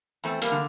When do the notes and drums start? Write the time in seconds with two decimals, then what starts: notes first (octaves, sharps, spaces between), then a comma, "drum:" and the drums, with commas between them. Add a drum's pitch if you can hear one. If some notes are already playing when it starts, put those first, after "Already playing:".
0.24 E2 A3 C4
0.42 G3 A#3, drum: hi-hat
0.51 D3